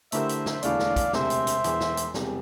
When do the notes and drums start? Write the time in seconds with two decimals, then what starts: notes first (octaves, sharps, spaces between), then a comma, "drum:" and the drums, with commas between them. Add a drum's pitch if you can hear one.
0.12 D3 A3 E4 G4 A#4 C5 E5, drum: hi-hat
0.29 drum: hi-hat
0.46 drum: snare
0.63 E1 E2 D3 A3 E4 D5 F5, drum: hi-hat
0.80 drum: snare
0.96 drum: kick, hi-hat
1.13 E1 D2 C3 C5 E5, drum: snare
1.30 drum: hi-hat
1.47 drum: hi-hat
1.64 E1 E2 E3, drum: hi-hat
1.80 drum: snare
1.97 drum: hi-hat
2.14 E1 E2 C3 G3, drum: snare